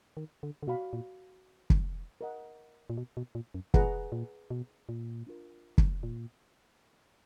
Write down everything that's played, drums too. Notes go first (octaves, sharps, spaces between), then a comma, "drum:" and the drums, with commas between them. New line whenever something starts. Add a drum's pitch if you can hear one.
D#3
D3
D3
B2 F#4 D5 F5 B5
A#2
drum: kick
A#4 D#5 F#5
A#2
B2
B2
A#2
F#2
A#2 G#4 B4 D#5 F#5 A#5, drum: kick
A#2
B2
A#2
D4 F4 A#4
drum: kick
A#2